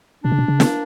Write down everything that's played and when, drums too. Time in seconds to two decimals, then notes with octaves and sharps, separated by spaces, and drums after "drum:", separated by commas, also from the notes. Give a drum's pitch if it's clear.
0.25 B2 D4
0.32 C#3
0.39 B2
0.48 C#3
0.60 A#3, drum: snare